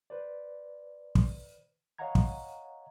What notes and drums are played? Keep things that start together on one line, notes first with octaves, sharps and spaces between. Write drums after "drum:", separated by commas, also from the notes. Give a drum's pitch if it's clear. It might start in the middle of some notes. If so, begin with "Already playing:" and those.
B4 C5 D5
drum: kick
C#5 D#5 F5 F#5 A#5 G#6
drum: kick